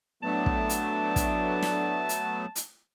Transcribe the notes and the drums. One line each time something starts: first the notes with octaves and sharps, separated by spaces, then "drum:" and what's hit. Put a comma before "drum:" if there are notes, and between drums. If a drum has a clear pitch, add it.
A2 F#3 A3 B3 D4 A5
drum: kick
drum: hi-hat
drum: kick, hi-hat
drum: snare
drum: hi-hat
drum: hi-hat